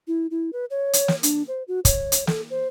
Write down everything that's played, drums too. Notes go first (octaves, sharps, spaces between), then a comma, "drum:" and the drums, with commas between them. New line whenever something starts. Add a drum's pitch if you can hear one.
E4
E4
B4
C#5
drum: hi-hat
drum: snare
D4, drum: hi-hat
C5
F#4
C#5, drum: kick, hi-hat
drum: hi-hat
A4, drum: snare
C5